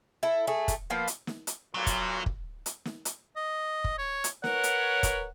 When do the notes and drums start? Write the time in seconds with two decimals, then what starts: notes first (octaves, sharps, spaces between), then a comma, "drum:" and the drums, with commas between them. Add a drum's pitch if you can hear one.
0.23 E4 A4
0.47 A3 G#4
0.68 drum: kick, hi-hat
0.90 F3 A#3 B3 C5
1.07 drum: hi-hat
1.27 drum: snare
1.47 drum: hi-hat
1.75 B1 A#2 F#3
1.87 drum: kick, hi-hat
2.26 drum: kick
2.66 drum: hi-hat
2.85 drum: snare
3.05 drum: hi-hat
3.36 D#5
3.84 drum: kick
3.98 C#5
4.24 drum: hi-hat
4.44 A#4 B4 C#5 F#5, drum: snare
4.63 drum: hi-hat
5.03 drum: kick, hi-hat